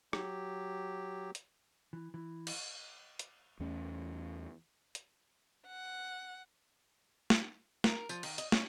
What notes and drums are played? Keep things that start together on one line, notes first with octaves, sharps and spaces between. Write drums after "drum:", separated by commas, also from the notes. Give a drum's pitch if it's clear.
F#3 G4, drum: rim click
drum: hi-hat
E3
E3
drum: cymbal
drum: hi-hat
E2 A3 C#4
drum: hi-hat
F#5
drum: snare
A#4, drum: snare
F3, drum: tambourine
D#3, drum: cymbal
D#5, drum: hi-hat
C#4, drum: snare